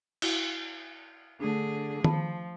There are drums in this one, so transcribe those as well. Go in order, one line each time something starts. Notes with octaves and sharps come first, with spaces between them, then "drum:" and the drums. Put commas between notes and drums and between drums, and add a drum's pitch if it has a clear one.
E4 F#4, drum: cymbal
D3 A3 D4 G#4
F3 A5 B5, drum: tom D#3